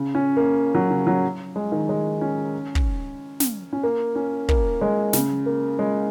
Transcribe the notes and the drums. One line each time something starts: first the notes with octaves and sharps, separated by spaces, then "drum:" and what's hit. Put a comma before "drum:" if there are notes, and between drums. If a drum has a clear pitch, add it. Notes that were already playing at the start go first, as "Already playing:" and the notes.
Already playing: C#3
C#4
A#3
F#3
C#3
F#3
G#3
D#3
G#3
C#4
drum: kick
drum: snare
C#4
A#3
C#4
A#3, drum: kick
G#3
C#3, drum: snare
A#3
G#3